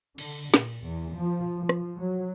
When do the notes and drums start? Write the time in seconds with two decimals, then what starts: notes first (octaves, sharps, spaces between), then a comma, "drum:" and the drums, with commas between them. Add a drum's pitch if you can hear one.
0.18 D3, drum: cymbal
0.54 A#2, drum: snare
0.83 E2
1.16 F3
1.57 F3
1.69 drum: rim click
1.98 F#3